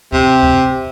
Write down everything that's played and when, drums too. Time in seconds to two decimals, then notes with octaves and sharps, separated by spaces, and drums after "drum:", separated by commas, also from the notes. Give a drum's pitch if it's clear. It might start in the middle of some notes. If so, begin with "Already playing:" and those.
0.12 C3, drum: kick C#2
0.43 drum: kick C#2